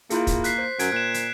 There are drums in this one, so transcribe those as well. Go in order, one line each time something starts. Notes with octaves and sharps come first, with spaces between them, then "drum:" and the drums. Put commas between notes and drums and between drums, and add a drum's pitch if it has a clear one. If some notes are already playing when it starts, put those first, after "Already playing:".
A#3 E4 F4 G#4, drum: hi-hat
drum: kick, hi-hat
F#6 B6 C7, drum: hi-hat
C5
F#2 G#6 D7, drum: hi-hat
A#2 F#6 E7
drum: hi-hat